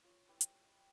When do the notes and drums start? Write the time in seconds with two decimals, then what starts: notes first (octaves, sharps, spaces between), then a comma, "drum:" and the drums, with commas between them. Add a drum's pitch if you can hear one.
0.04 F4 C#5
0.28 E4 G4 B4
0.41 drum: hi-hat
0.63 D#5 G5